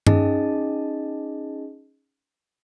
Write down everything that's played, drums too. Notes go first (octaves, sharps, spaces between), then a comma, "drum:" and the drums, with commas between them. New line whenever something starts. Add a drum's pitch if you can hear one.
C#4 D#4 G#4 D#5 A5, drum: tom G2